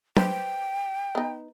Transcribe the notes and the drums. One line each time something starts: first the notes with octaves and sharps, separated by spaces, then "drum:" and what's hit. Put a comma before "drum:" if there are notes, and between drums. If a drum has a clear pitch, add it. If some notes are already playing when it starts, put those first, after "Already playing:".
B4 C5 G5, drum: tom F#3
B3 D#4